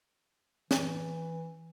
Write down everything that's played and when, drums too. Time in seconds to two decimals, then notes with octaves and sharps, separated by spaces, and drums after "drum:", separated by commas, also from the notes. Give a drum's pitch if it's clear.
0.71 E3, drum: snare